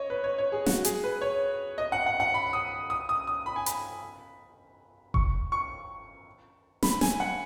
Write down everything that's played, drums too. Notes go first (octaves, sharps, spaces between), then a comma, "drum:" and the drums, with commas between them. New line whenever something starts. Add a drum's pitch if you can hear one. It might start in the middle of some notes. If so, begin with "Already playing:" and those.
Already playing: C#5 D#5
B4
C#5
C#5
G#4
F#4, drum: snare
G#4, drum: hi-hat
B4
C#5
D#5
F#5
F#5
F#5
B5
D#6
D#6
D#6
D#6
B5
G#5
B5, drum: hi-hat
C#6, drum: kick F1
C#6
B5, drum: snare
G#5, drum: snare
F#5